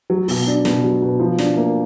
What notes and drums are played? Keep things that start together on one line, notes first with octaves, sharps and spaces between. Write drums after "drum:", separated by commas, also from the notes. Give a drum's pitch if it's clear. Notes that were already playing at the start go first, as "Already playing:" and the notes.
F#3
B2, drum: open hi-hat
D4
B2, drum: snare
F#3
B2
F3
D4, drum: snare
A#3